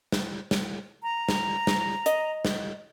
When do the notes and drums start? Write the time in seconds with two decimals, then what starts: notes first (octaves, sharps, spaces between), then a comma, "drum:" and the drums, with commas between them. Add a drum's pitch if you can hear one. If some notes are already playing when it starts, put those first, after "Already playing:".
0.12 drum: snare
0.51 drum: snare
1.03 A#5
1.29 drum: snare
1.67 drum: snare
2.06 D#5, drum: hi-hat
2.45 drum: snare